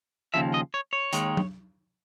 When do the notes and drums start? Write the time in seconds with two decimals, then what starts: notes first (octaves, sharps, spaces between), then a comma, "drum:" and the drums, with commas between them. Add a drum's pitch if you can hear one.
0.34 D#2 C#3 F3 E5
0.54 D#5
0.74 C#5
0.93 C#5
1.13 D#2 D#3 G#3, drum: hi-hat
1.37 drum: tom F#3